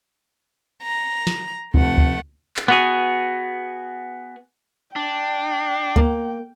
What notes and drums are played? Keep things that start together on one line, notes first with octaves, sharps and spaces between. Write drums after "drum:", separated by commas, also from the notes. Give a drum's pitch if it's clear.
A#5
drum: snare
F1 F2 A3 F#5, drum: kick D2
drum: kick D2
drum: clap
B3 F#4 G#4
D4 G5
A#3, drum: kick D2